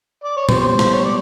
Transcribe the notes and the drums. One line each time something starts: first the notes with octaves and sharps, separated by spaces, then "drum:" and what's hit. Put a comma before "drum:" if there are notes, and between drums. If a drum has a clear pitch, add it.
D5
C#5
A#2 G3 B3 C5, drum: tom
drum: snare
C#5
D5